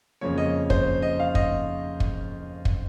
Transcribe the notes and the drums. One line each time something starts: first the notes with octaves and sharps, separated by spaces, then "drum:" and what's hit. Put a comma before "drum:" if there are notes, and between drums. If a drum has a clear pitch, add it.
F2 C#3 F3 A#3 C#5
D#5
C5, drum: kick
D#5
F5
D#5, drum: kick
drum: kick
drum: kick